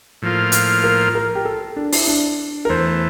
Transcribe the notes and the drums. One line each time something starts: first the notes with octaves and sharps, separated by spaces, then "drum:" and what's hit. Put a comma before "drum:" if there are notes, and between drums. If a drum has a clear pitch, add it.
A2 F3 A#3 F4
drum: hi-hat
A#4
A#4
G4
A4
D4
E4, drum: open hi-hat
D4
A#4
E2 E3 A3 C5